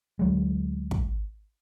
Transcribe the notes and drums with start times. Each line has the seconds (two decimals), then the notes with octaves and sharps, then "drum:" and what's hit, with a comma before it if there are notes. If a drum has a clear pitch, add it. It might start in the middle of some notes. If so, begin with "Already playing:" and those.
0.19 D2 F#3 G#3
0.91 drum: kick